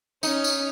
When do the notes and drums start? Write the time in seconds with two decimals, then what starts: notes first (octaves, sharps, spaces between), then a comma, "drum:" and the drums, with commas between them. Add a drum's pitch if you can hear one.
0.23 C#4 D#4, drum: tambourine
0.44 drum: tambourine